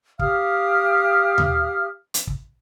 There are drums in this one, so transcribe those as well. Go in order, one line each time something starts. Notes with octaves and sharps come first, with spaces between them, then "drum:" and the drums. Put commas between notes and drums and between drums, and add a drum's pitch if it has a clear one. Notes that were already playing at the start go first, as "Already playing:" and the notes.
G4 F5 D#6 F6, drum: kick
drum: tom D#2
drum: hi-hat
drum: kick